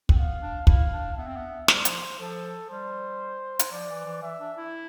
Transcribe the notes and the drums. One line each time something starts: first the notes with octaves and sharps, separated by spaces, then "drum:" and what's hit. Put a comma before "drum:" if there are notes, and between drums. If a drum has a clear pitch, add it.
C4, drum: kick
B3 F5
D4
E4 F5, drum: kick
D4
B3 E5
C4
B3
G3 C5, drum: snare
F3, drum: hi-hat
F3 A4
G3 C5
drum: hi-hat
F3 D5
E3
E3
E3 E5
D4
E4